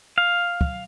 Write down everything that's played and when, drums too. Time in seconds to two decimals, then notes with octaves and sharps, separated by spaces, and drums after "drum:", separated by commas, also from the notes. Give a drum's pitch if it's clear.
0.18 F5
0.61 drum: kick